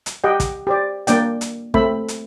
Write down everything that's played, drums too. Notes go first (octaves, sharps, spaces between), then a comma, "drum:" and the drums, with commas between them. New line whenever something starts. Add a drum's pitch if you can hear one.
drum: hi-hat
G4 D#5 F#5 G5
drum: kick, hi-hat
G4 C5 D5
A#3 D4 D5 G5, drum: hi-hat
drum: hi-hat
A3 C4 E5 B5, drum: kick
drum: hi-hat